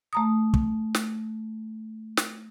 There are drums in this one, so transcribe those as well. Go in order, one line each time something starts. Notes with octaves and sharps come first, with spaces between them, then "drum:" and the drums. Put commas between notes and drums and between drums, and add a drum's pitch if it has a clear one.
A3 A#5 D#6
drum: kick
drum: snare
drum: snare